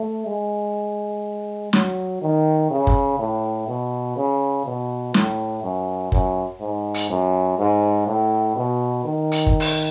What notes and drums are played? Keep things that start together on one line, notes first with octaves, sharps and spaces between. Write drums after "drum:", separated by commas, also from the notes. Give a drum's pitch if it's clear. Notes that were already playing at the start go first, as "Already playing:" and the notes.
Already playing: A3
G#3
F#3, drum: snare
D#3
C#3
drum: kick
A2
B2
C#3
B2
A2, drum: snare
F#2
F#2, drum: kick
G#2
drum: hi-hat
F#2
G#2
A2
B2
D#3
drum: hi-hat
drum: kick
drum: open hi-hat